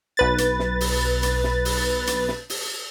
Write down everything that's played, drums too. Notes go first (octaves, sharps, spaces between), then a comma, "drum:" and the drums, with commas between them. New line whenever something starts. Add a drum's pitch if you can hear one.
B1 B4 A6
drum: hi-hat
drum: snare
drum: open hi-hat
drum: hi-hat
drum: snare
drum: open hi-hat
drum: hi-hat
drum: snare
drum: open hi-hat